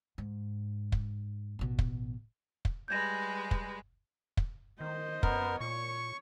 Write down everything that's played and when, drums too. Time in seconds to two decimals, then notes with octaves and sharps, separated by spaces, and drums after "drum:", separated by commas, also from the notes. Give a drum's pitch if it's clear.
0.18 G#2
0.92 drum: kick
1.59 A1 B2
1.79 drum: kick
2.65 drum: kick
2.88 G3 G#3 B4 G6 G#6 A#6
3.51 drum: kick
4.37 drum: kick
4.80 D#3 C5 D#5
5.23 F#2 B3 A#4, drum: kick
5.61 A#2 C#5 C#6